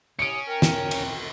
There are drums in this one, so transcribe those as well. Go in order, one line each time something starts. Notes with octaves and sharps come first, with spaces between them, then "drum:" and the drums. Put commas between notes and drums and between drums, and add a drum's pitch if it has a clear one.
A2 C3 C#4 D#6 C#7 D7
A#4 G5
drum: snare
drum: cymbal